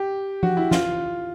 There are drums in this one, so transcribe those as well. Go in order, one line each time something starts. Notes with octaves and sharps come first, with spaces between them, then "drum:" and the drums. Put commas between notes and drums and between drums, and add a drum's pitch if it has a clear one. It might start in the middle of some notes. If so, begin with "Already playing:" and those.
Already playing: G4
F#4, drum: tom F3
E4
F4, drum: snare